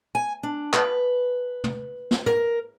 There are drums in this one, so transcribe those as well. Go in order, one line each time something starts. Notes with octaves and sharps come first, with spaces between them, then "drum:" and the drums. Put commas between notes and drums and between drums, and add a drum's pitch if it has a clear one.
G#5
D4
B4, drum: clap
drum: tom
drum: snare
A#4, drum: tom